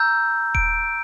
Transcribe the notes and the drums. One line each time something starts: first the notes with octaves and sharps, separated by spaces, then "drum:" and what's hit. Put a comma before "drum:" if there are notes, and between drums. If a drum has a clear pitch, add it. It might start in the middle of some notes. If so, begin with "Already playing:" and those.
Already playing: A#5 E6 G6
D7, drum: kick D#1